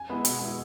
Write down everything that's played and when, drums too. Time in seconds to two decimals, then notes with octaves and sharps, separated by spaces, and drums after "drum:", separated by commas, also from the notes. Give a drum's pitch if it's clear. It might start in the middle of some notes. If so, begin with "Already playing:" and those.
Already playing: G#5
0.09 G#3 B3 E4
0.25 B2, drum: hi-hat
0.41 G#3 B3 E4